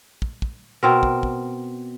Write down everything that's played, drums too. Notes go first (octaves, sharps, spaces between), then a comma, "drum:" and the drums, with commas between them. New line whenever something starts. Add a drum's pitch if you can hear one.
drum: kick
drum: kick
B2 C4 A#4
drum: kick
drum: kick